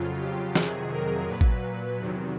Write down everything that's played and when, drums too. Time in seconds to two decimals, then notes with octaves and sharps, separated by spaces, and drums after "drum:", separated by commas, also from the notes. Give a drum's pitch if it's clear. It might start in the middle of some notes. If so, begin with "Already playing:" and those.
Already playing: F2 C#3 F#3 F4
0.19 G4
0.55 F2 C3 D#3 F#3 G#4, drum: snare
0.92 A#4
1.27 A#2 F#3 B4
1.41 drum: kick
1.99 E2 C3 D#3 F#3